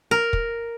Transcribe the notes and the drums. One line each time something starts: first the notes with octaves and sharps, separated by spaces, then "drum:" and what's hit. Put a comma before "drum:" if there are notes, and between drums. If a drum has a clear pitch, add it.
A#4
drum: kick